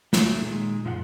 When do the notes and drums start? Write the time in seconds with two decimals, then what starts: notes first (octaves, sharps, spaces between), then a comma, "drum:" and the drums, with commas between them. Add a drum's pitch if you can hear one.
0.13 F#3 A3, drum: snare
0.41 A#2 D#3 G#3
0.85 F#2 A#2 F4 F#4 F#5